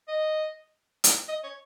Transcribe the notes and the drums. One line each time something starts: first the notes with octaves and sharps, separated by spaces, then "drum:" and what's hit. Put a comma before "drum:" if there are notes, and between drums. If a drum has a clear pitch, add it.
D#5
drum: hi-hat
D#5
C#5